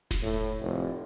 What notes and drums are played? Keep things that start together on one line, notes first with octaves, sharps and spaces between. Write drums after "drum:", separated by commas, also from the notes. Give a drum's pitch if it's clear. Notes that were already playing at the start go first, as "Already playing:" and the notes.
drum: snare E1
A2
F1